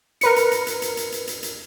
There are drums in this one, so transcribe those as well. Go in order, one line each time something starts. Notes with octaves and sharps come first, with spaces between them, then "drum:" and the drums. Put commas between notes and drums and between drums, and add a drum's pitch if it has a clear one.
A#4 B4 C#7, drum: hi-hat
drum: hi-hat
drum: hi-hat
drum: hi-hat
drum: hi-hat
drum: hi-hat
drum: hi-hat
drum: hi-hat
drum: hi-hat